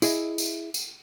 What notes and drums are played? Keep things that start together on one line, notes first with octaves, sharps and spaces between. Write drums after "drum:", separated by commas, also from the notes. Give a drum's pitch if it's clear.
E4 G#4 D#5 E5, drum: tambourine
drum: tambourine
drum: tambourine